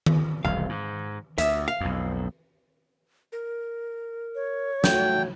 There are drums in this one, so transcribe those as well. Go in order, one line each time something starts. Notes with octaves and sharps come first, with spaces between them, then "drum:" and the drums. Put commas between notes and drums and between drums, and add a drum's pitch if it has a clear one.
drum: tom D#3
E1 C2 F5
G#2
D2 E5, drum: hi-hat
F5
B1 F2
A#4
C#5
A3 F#4 G5, drum: snare